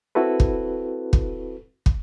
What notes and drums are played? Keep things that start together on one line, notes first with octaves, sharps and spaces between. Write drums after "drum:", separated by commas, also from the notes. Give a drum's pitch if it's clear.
C4 E4 F#4 A4 B4
drum: kick
drum: kick
drum: kick